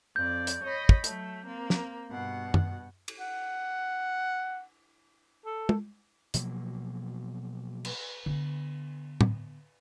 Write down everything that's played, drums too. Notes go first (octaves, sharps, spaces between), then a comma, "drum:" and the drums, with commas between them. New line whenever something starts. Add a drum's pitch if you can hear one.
F2 D5 G6
drum: hi-hat
C#5 D#5 B5
drum: kick
F#3 A3, drum: hi-hat
A#3 C4
drum: snare
G2 B2 F#5
drum: tom F#2
drum: cymbal
F#5
A4
drum: tom
B2 F3 F#3 A#3, drum: hi-hat
drum: cymbal
D3 B3
drum: tom A2